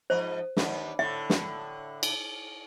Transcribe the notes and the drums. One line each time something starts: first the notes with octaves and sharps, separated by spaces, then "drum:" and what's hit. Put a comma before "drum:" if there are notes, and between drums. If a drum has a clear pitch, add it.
G#2 F3 C5 D#5
D#2 B3 D4, drum: snare
A2 D3 E5
drum: snare
drum: cymbal